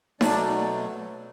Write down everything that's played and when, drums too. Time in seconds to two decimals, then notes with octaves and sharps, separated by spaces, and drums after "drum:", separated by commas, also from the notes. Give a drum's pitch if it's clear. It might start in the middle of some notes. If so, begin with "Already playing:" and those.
0.21 B2 F#3 A3 D4 D5, drum: snare D#4